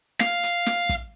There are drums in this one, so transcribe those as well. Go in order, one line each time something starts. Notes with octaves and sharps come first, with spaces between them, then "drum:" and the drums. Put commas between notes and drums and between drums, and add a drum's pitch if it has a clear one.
F5, drum: snare
drum: hi-hat
drum: snare
drum: kick, hi-hat